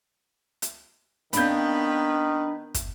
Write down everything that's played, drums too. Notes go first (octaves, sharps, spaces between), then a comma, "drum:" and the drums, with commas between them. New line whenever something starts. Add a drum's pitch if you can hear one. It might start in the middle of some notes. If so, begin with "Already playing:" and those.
drum: hi-hat
D#3 B3 C4 D4 B4 F5 B5 G6, drum: hi-hat
drum: kick, hi-hat